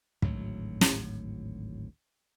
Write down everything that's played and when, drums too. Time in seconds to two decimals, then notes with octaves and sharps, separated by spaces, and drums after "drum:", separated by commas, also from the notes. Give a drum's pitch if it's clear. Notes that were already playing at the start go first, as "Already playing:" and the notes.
0.22 G#1 D2 A2 F#3, drum: kick
0.81 drum: snare